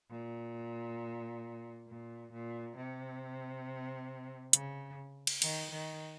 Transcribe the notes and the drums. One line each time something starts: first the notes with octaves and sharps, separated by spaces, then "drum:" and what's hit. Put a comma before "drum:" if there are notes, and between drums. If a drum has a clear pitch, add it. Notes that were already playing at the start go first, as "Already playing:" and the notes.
A#2
A#2
A#2
C3
C#3, drum: hi-hat
drum: cymbal
D#3, drum: cymbal
D#3